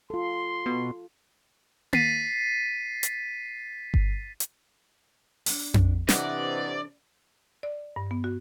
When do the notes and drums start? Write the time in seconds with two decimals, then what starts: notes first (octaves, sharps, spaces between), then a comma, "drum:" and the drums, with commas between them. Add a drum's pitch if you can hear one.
0.10 F4 A4 C6
0.66 B2
1.93 A6 B6 C7 D#7, drum: tom A#3
3.03 drum: hi-hat
3.94 drum: kick G1
4.40 drum: hi-hat
5.46 D4 F#5, drum: open hi-hat
5.74 drum: tom F2
6.09 C3 E3 D4 A4 D5 D#5 F#5, drum: snare
7.63 D5
7.96 G2
8.11 B3
8.24 F#4